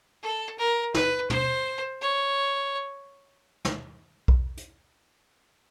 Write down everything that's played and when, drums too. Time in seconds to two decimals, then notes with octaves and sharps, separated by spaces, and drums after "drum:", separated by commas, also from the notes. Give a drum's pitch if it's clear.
0.23 A4
0.59 A#4
0.94 B4, drum: snare
1.30 C5, drum: tom
2.02 C#5
3.65 drum: snare
4.28 drum: kick B1
4.57 drum: hi-hat